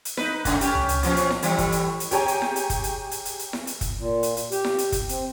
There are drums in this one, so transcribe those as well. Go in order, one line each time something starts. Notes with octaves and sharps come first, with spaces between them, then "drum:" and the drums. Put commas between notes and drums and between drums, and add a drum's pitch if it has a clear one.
drum: hi-hat
D#4 B4, drum: snare E4
A2 C#3 A3, drum: kick, hi-hat
C#4 G4, drum: hi-hat
drum: tom C#2
drum: hi-hat
A#2 F3 C#4, drum: hi-hat
drum: hi-hat
drum: snare E4
A2 E3 G3, drum: hi-hat
drum: kick, hi-hat
drum: hi-hat
drum: hi-hat
G4 G#4 C#5 G5 G#5 A#5, drum: hi-hat
drum: hi-hat
drum: snare E4
drum: hi-hat
drum: kick, hi-hat
drum: hi-hat
drum: hi-hat
drum: hi-hat
drum: hi-hat
drum: snare E4
drum: hi-hat
drum: kick, hi-hat
A#2
drum: hi-hat
drum: hi-hat
G4, drum: hi-hat
drum: snare E4
drum: hi-hat
drum: kick, hi-hat
C4, drum: hi-hat